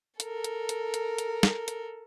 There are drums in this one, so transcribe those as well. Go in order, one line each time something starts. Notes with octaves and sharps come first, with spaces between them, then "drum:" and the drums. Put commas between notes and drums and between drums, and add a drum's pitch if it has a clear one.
A4 A#4, drum: hi-hat
drum: hi-hat
drum: hi-hat
drum: hi-hat
drum: hi-hat
drum: snare
drum: hi-hat